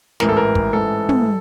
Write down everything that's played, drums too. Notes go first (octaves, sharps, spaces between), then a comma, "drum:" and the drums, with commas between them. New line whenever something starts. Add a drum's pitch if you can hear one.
A1 G#2 E3 A#4, drum: snare
A4
A#4
drum: kick
A1 G#2 E3 A4
drum: tom